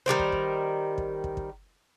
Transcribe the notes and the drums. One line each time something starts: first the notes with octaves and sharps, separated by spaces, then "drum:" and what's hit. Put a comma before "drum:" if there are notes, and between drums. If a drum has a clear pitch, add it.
D#3 G3 A#4 C5
drum: kick
drum: kick
drum: kick
drum: kick
drum: kick